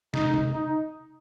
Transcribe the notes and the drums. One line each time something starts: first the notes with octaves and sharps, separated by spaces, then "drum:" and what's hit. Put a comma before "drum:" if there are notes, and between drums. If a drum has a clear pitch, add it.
D#4, drum: snare
drum: tom C3
D#4